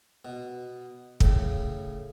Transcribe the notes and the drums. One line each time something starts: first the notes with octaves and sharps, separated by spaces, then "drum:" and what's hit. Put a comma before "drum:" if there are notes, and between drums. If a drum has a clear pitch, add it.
B2
A2 C#3, drum: kick